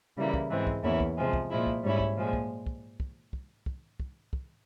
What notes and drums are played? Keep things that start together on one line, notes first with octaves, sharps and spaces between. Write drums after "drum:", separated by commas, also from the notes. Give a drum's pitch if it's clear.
C#3 E3 G3 A#3 E4
drum: kick
G#2 E3 G#3 C4
drum: kick
E2 E3 A#3 C#4 E4
drum: kick
C3 F3 G#3
drum: kick
A#2 F3 G#3 E4
drum: kick
G#2 G3 C#4 E4
drum: kick
A#2 F3 G#3
drum: kick
drum: kick
drum: kick
drum: kick
drum: kick
drum: kick
drum: kick